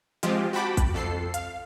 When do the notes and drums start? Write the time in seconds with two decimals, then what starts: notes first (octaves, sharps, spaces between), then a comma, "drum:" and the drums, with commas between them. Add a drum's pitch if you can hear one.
0.23 F3 G#3 C4 F4 G4, drum: hi-hat
0.53 F#4 G5 A5 B5 D6
0.77 drum: kick, hi-hat
0.94 F2 A4 C7
1.34 F5, drum: hi-hat